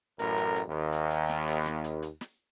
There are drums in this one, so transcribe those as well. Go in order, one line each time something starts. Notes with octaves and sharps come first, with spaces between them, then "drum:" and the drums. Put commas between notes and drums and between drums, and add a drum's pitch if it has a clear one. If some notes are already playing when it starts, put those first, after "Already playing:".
A1 F#2 A2 A#4, drum: hi-hat
drum: hi-hat
drum: hi-hat
D#2
drum: hi-hat
drum: hi-hat
drum: snare
drum: hi-hat
drum: snare
drum: hi-hat
drum: hi-hat
drum: snare